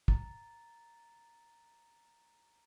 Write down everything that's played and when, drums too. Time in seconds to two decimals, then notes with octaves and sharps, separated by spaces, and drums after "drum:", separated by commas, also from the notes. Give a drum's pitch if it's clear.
0.08 A#5 A6, drum: kick